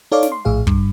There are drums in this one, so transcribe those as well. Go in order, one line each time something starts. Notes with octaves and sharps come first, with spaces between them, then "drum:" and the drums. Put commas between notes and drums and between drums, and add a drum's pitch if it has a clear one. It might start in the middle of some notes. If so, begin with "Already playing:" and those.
D#4 A4 C#5 D5 F5 D6
drum: snare
C6
A#1 A2 G#4 F5
G2, drum: kick